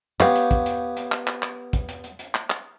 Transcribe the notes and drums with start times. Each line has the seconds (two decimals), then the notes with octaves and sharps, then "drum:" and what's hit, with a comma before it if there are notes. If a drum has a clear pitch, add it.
0.20 B3 G4 C#5 F5, drum: clap
0.35 drum: hi-hat
0.51 drum: kick, hi-hat
0.66 drum: hi-hat
0.97 drum: hi-hat
1.12 drum: clap
1.27 drum: clap
1.43 drum: clap
1.73 drum: kick, hi-hat
1.89 drum: hi-hat
2.04 drum: hi-hat
2.19 drum: hi-hat
2.35 drum: clap
2.50 drum: clap